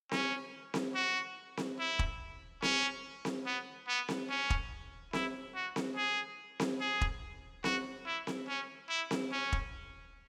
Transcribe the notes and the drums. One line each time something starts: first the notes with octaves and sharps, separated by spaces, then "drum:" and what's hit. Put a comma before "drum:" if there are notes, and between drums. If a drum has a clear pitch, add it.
C#4, drum: snare C4
drum: snare C4
F#4
drum: snare C4
E4
drum: kick E1
C#4, drum: snare C4
drum: snare C4
B3
B3
drum: snare C4
C#4
drum: kick E1
E4, drum: snare C4
F#4
drum: snare C4
G#4
drum: snare C4
G#4
drum: kick E1
F#4, drum: snare C4
E4
drum: snare C4
C#4
E4
drum: snare C4
C#4
drum: kick E1